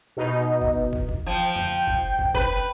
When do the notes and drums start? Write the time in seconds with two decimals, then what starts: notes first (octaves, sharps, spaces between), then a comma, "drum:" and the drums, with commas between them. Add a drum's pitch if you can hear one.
0.17 B2 D#4
0.61 drum: kick
0.93 drum: kick
1.09 drum: kick
1.26 F3 G5
1.56 drum: tom
1.87 drum: kick
2.19 drum: kick
2.35 B4, drum: kick